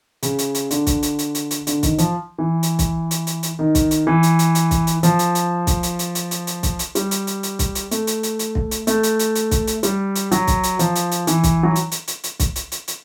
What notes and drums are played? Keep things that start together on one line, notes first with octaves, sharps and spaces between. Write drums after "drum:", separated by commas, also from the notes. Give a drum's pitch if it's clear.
C#3, drum: hi-hat
drum: hi-hat
drum: hi-hat
D3, drum: hi-hat
drum: kick, hi-hat
drum: hi-hat
drum: hi-hat
drum: hi-hat
drum: hi-hat
D3, drum: hi-hat
D#3, drum: kick, hi-hat
F3, drum: hi-hat
E3
drum: hi-hat
drum: kick, hi-hat
drum: hi-hat
drum: hi-hat
drum: hi-hat
D#3
drum: kick, hi-hat
drum: hi-hat
E3
drum: hi-hat
drum: hi-hat
drum: hi-hat
drum: kick, hi-hat
drum: hi-hat
F3, drum: hi-hat
drum: hi-hat
drum: hi-hat
drum: kick, hi-hat
drum: hi-hat
drum: hi-hat
drum: hi-hat
drum: hi-hat
drum: hi-hat
drum: kick, hi-hat
drum: hi-hat
G3, drum: hi-hat
drum: hi-hat
drum: hi-hat
drum: hi-hat
drum: kick, hi-hat
drum: hi-hat
A3, drum: hi-hat
drum: hi-hat
drum: hi-hat
drum: hi-hat
drum: kick
drum: hi-hat
A3, drum: hi-hat
drum: hi-hat
drum: hi-hat
drum: hi-hat
drum: kick, hi-hat
drum: hi-hat
G3, drum: hi-hat
drum: hi-hat
F#3, drum: hi-hat
drum: kick, hi-hat
drum: hi-hat
F3, drum: hi-hat
drum: hi-hat
drum: hi-hat
E3, drum: hi-hat
drum: kick, hi-hat
F#3
drum: hi-hat
drum: hi-hat
drum: hi-hat
drum: hi-hat
drum: kick, hi-hat
drum: hi-hat
drum: hi-hat
drum: hi-hat